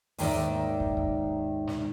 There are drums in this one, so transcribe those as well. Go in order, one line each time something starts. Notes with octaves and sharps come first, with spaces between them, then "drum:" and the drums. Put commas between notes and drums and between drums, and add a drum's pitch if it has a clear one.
D#2 G#2 D#3 D#4 D5 E5, drum: open hi-hat
drum: kick
drum: kick
drum: snare